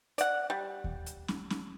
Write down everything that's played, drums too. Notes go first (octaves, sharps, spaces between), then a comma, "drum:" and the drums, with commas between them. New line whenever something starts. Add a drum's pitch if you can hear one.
D5 F#5, drum: hi-hat
G3
drum: kick D#2
drum: hi-hat
drum: snare
drum: snare